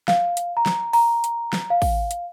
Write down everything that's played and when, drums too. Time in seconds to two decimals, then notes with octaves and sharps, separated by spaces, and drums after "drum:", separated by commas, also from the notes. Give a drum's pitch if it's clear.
0.08 F5, drum: snare
0.37 drum: hi-hat
0.57 A#5
0.66 drum: snare
0.93 A#5, drum: open hi-hat
1.24 drum: hi-hat
1.53 drum: snare
1.70 F5
1.82 drum: kick A1, open hi-hat
2.11 drum: hi-hat